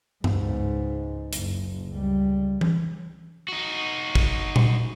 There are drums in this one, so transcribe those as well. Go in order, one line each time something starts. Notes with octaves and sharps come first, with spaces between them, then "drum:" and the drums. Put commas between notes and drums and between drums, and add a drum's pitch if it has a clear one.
C#2 G#2, drum: tom G2
F#1, drum: hi-hat
C#2 G3
drum: tom E3
D#4 F#4
drum: kick
drum: tom A#2